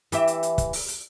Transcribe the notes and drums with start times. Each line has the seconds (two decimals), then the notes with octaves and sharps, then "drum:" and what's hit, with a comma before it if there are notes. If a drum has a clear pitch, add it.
0.12 E3 G4 E5, drum: hi-hat
0.27 drum: hi-hat
0.43 drum: hi-hat
0.58 drum: kick, hi-hat
0.73 drum: open hi-hat
0.88 drum: hi-hat